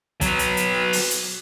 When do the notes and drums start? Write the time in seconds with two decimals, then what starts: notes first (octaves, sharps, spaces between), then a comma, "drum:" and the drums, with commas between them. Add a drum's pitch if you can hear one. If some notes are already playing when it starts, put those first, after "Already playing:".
0.21 F#3 B3, drum: kick, hi-hat
0.39 drum: hi-hat
0.57 drum: hi-hat
0.93 drum: open hi-hat
1.11 drum: hi-hat